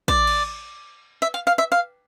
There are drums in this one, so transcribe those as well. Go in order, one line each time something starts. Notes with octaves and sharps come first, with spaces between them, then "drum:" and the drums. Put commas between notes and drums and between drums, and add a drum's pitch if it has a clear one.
D5, drum: kick
drum: cymbal
E5
F5
F5
E5
F5